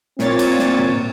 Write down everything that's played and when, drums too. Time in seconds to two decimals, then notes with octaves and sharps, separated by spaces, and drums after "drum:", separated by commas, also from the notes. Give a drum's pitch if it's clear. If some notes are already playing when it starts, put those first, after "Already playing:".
0.19 A#2 C4 C#5 A6, drum: snare
0.39 drum: cymbal
0.59 drum: snare
0.79 drum: tom